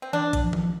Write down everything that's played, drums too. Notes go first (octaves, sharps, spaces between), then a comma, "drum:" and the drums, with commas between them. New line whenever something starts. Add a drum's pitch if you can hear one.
C4
E3 D4
drum: kick A#1, hi-hat
F3
drum: tom D#3